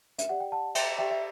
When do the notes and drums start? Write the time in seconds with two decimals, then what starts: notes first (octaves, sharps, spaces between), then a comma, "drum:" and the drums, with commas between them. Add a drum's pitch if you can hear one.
0.18 E5, drum: hi-hat
0.29 G4 D5 F#5
0.40 G5
0.52 F#5 A5
0.75 E5 G5, drum: cymbal
0.98 G4 D5 E5 G5
1.11 E5